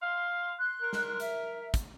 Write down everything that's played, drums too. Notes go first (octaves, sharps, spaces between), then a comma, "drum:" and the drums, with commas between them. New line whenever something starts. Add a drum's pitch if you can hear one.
F5 C6
C6 F#6
A#4
drum: snare
E5, drum: hi-hat
drum: kick, hi-hat